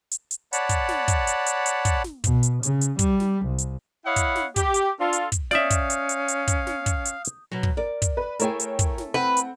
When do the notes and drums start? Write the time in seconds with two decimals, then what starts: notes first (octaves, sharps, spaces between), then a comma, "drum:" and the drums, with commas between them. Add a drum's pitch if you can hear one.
0.11 drum: hi-hat
0.31 drum: hi-hat
0.53 C#5 D5 F#5 A5 B5, drum: hi-hat
0.69 drum: kick, hi-hat
0.89 drum: snare
1.08 drum: kick, hi-hat
1.27 drum: hi-hat
1.46 drum: hi-hat
1.66 drum: hi-hat
1.85 drum: kick, hi-hat
2.04 drum: snare
2.24 B2, drum: kick, hi-hat
2.43 drum: hi-hat
2.63 C#3, drum: hi-hat
2.81 drum: hi-hat
2.99 G3, drum: kick, hi-hat
3.20 drum: snare
3.46 C2
3.58 drum: hi-hat
4.06 E4 C#5 D#5 F5 F#5 B5
4.16 drum: kick, hi-hat
4.35 drum: snare
4.56 G4, drum: kick, hi-hat
4.74 drum: hi-hat
5.00 D4 F4 A4
5.13 drum: hi-hat
5.32 drum: kick, hi-hat
5.51 C#4 D5 E5 F5 D#6 G6, drum: snare
5.70 drum: kick, hi-hat
5.90 drum: hi-hat
6.09 drum: hi-hat
6.28 drum: hi-hat
6.48 drum: kick, hi-hat
6.67 drum: snare
6.86 drum: kick, hi-hat
7.05 drum: hi-hat
7.25 drum: hi-hat
7.51 B2 F#3
7.63 drum: kick
7.77 A#4 D5
8.02 drum: kick, hi-hat
8.17 B4
8.39 A3 E4 G#4 A#4 C#5 G5, drum: hi-hat
8.60 drum: hi-hat
8.79 drum: kick, hi-hat
8.98 drum: snare
9.14 C4 B4 F#5
9.37 drum: hi-hat